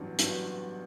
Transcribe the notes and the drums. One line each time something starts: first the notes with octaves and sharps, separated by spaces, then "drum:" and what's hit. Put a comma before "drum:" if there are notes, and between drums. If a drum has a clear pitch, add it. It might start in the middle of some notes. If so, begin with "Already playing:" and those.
Already playing: A1 G2 F#3 B3 D4
G2 F#3 B3 D4, drum: hi-hat